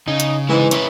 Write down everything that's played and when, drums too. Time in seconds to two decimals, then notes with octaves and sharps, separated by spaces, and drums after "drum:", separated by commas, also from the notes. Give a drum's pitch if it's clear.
0.08 C#3 D#4
0.20 drum: hi-hat
0.49 E3 G#3 D#4
0.71 C#4 E4 B4, drum: hi-hat